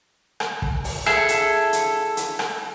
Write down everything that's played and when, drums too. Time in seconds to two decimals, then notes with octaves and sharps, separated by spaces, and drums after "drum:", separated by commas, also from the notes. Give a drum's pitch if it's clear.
0.40 drum: rim click
0.62 drum: kick
0.84 drum: open hi-hat
1.06 E4 G#4 A4, drum: rim click
1.28 drum: hi-hat
1.73 drum: hi-hat
2.17 drum: hi-hat
2.39 drum: rim click